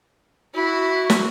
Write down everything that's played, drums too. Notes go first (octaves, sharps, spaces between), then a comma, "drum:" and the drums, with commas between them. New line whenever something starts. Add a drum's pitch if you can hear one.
E4 F#4
drum: snare